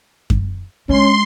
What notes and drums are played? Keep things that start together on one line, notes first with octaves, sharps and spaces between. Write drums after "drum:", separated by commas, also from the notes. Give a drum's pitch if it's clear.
drum: kick F#2
G#3 C#4 D4 C6